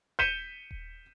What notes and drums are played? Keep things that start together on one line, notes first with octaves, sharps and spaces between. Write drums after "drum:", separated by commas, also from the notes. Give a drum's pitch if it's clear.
G6 B6 C#7 D#7 E7 G7, drum: kick D#1
drum: kick D#1